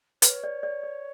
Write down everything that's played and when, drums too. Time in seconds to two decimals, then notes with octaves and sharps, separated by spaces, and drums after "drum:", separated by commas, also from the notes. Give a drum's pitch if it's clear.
0.22 B4 C#5, drum: hi-hat
0.44 D5
0.63 D5
0.83 D5